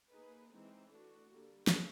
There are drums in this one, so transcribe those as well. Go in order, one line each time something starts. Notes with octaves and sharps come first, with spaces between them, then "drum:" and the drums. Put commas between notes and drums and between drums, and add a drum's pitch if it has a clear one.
A#3 D#4 G#4 B4
E3 G#3 C4 D#4
A3 D4 F#4
D3 G3 A#3
drum: snare